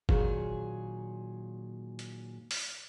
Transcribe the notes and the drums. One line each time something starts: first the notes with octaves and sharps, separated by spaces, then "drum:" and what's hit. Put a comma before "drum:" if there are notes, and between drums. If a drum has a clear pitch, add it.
A#2 D#3 F#3 G#4 C#5, drum: kick F#1
drum: hi-hat
drum: open hi-hat